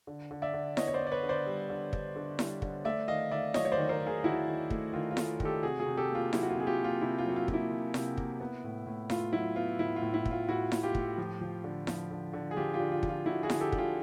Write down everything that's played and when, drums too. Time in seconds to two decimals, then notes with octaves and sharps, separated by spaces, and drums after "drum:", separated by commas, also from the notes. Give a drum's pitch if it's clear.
0.07 D3
0.31 D3
0.42 D5 E5
0.54 D3
0.77 B3 C#5 D#5, drum: snare E4
0.87 C#5
0.94 C5 D5
1.00 B3
1.07 D5
1.12 B4 C#5
1.23 D3
1.29 C5 D5
1.46 G3
1.69 D3
1.93 D3, drum: kick
2.16 D3
2.39 G3, drum: snare E4
2.62 D3, drum: kick
2.85 A3 D5 E5
3.08 D#3 D#5 F5
3.31 D#3 D5 E5
3.54 F#3 C#5 D#5, drum: snare E4
3.65 C#5
3.72 C5 D5
3.78 D#3
3.89 A#4 C5
4.01 D#3
4.07 G#4 A#4
4.24 D#3 E4 F#4
4.47 D#3
4.70 A3, drum: kick
4.93 D#3 F4
5.11 F4
5.17 A3, drum: snare E4
5.40 D#3, drum: kick
5.45 G4 A4
5.63 C3 F#4 G#4
5.80 F#4 G#4
5.86 C3
5.97 G4 A4
6.09 A#3
6.15 F4
6.33 F#3 E4, drum: snare E4
6.43 F#4
6.49 F4
6.55 C3 G#4
6.67 F4 G4
6.79 A#3
6.84 F4
7.01 C3 E4
7.18 F4
7.25 F#3 F#4
7.36 F4
7.48 A#3 F4, drum: kick
7.54 E4
7.70 C3
7.94 C3, drum: snare E4
8.18 A#3, drum: kick
8.40 B3
8.64 A2
8.86 A2
9.10 A2 F4, drum: snare E4
9.32 F#3 E4
9.56 B3 F4
9.79 A2 E4
9.96 F4
10.02 A2
10.14 E4
10.25 A2, drum: kick
10.31 F4
10.49 A2 E4 F#4
10.72 A2, drum: snare E4
10.83 F4 G4
10.95 A2, drum: kick
11.18 F3
11.41 F3
11.64 D3
11.87 F3, drum: snare E4
12.11 D3
12.33 D3
12.51 G#4
12.57 F3 F4 G4
12.74 F4 G4
12.80 D3
12.92 F4
13.03 F3, drum: kick
13.09 F4
13.26 D3 E4 F#4
13.43 F#4 G#4
13.50 D3, drum: snare E4
13.61 G4 A4
13.72 D3, drum: kick
13.78 F4 G4